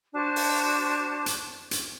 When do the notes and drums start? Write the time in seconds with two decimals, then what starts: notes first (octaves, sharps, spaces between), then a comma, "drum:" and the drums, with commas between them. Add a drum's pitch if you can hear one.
0.13 D4 F#4 C5 A5
0.36 drum: open hi-hat
1.26 drum: hi-hat
1.71 drum: hi-hat